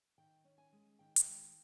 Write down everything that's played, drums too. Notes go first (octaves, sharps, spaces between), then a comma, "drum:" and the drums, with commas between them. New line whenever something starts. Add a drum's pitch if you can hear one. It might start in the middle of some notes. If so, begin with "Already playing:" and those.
D#3 G5
C#4
G#5
G#3
D#3 G5
drum: hi-hat
G#3